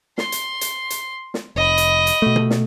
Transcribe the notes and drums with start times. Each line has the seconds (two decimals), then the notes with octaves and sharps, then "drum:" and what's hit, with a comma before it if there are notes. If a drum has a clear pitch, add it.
0.18 C6, drum: snare
0.32 drum: hi-hat
0.61 drum: hi-hat
0.90 drum: hi-hat
1.34 drum: snare
1.56 F1 D#5 B5
1.78 drum: hi-hat
2.07 drum: hi-hat
2.22 B2 A3
2.36 drum: tom
2.50 drum: snare